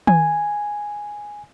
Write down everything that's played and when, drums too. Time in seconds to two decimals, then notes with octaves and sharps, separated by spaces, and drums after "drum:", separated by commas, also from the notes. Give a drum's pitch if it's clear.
0.07 G#5, drum: tom D#3